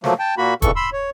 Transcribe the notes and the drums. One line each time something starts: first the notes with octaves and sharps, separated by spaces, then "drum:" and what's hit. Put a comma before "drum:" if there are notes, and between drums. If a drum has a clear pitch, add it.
F3 F#3 A3 A#3, drum: snare
G5 A5
A#2 A#3 F#4 B5
F2 C#3 E3 A4 C#6, drum: kick, hi-hat
B5 C6 E6
C#5